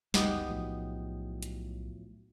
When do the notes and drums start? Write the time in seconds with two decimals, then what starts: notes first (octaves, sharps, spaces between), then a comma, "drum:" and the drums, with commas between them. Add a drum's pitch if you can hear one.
0.14 F#1 C#2 F#3 B3 D#4 G4, drum: snare
0.48 B1 A2 F3 F#3
1.43 drum: hi-hat